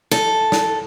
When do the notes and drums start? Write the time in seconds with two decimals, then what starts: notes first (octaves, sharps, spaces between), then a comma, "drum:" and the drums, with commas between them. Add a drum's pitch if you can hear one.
0.11 A4, drum: snare
0.52 drum: snare